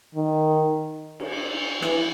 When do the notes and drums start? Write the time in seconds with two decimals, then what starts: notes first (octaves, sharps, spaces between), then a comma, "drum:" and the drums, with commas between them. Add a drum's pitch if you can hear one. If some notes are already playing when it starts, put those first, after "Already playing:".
0.15 D#3
1.20 drum: cymbal
1.82 E3, drum: rim click